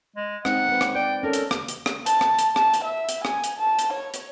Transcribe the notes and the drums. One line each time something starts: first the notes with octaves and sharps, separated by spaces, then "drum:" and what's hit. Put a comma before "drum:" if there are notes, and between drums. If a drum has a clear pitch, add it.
G#3
G#3 C4 D#4 F#5, drum: rim click
C4 B4
drum: rim click
D5 G5
C#4 A4 A#4
drum: hi-hat
drum: rim click
drum: hi-hat
drum: rim click
A5, drum: hi-hat
drum: rim click
drum: hi-hat
A5, drum: rim click
drum: hi-hat
E5
drum: hi-hat
G#5, drum: rim click
drum: hi-hat
A5
drum: hi-hat
C#5
drum: hi-hat